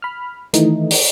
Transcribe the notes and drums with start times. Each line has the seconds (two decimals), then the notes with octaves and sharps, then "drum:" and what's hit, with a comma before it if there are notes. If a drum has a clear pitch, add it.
0.02 B5 F6
0.54 D#3 E3 A3 D#4, drum: hi-hat
0.91 drum: open hi-hat